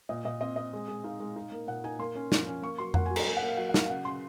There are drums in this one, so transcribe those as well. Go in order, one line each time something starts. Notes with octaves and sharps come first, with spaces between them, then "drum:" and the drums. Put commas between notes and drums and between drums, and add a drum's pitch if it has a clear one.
A#2 D#5
A#2 D#5
C4 D#5
C4 D#5
G#3
G#3
D#4 F5
G#3
D#4
A#3
A#2 F#5
D#4 G#5
A#3 C6
C#4
F3, drum: snare
C#4
A#3 C#6
F#3 C6
A#3 F#5, drum: tom F2
G#5
F#3
A#5, drum: cymbal
A#3 G#5
F#5
A#3
F5
F#3 F#5
F#5
F#3 F5, drum: snare
C#3 F#5
C#3 C6